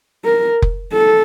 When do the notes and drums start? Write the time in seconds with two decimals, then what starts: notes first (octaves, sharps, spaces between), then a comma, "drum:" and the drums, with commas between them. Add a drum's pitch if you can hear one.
0.25 A#4
0.62 drum: kick F1
0.93 A4